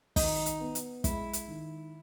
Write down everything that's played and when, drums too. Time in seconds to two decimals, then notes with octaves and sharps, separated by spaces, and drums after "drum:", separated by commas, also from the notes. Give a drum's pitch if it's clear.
0.16 D#3 D#4, drum: kick, open hi-hat
0.46 drum: hi-hat
0.60 B3
0.75 drum: hi-hat
1.04 G#3 E4, drum: kick, hi-hat
1.33 drum: hi-hat
1.48 D#3